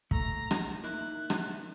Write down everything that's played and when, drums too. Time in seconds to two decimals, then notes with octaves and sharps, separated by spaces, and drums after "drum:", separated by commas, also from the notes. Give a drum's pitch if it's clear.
0.11 A3 A#5, drum: kick
0.51 drum: rim click
0.84 A#3 D#4 E4 F#6
1.30 drum: rim click